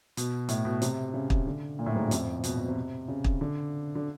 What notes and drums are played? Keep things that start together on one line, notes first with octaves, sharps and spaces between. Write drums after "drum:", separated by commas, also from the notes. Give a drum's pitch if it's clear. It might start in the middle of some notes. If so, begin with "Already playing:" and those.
B2, drum: hi-hat
A2, drum: hi-hat
B2
C3, drum: hi-hat
C#3
drum: kick
D3
A#2
A2
G#2
F#2
F2, drum: hi-hat
B2, drum: hi-hat
B2
C3
C#3
drum: kick
D3
D3